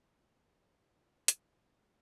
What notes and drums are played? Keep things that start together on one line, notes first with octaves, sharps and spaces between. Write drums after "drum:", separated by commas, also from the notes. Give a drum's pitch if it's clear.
D#4 F4 G4 G#4 D5 E5
drum: hi-hat